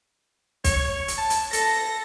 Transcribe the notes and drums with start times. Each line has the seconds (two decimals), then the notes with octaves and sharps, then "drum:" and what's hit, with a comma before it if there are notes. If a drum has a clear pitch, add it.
0.64 C#5, drum: kick, hi-hat
1.08 drum: hi-hat
1.18 A5
1.30 drum: hi-hat
1.53 A4 A#6, drum: hi-hat